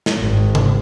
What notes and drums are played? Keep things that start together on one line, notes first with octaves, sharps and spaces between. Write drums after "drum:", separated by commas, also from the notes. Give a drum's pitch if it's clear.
drum: snare
G#1
drum: tom C3